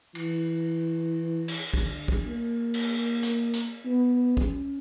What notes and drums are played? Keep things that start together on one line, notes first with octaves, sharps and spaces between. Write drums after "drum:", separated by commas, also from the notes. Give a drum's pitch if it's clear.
E3, drum: cymbal
drum: cymbal
D3, drum: kick
drum: kick
A#3
drum: cymbal
drum: hi-hat
drum: hi-hat
B3
C#4, drum: kick